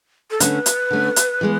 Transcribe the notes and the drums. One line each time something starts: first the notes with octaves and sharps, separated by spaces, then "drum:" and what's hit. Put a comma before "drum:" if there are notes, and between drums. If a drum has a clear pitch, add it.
A4
D3 A3 C#4 B4, drum: hi-hat
drum: hi-hat
D3 A3 C#4
drum: hi-hat
E3 G#3 B3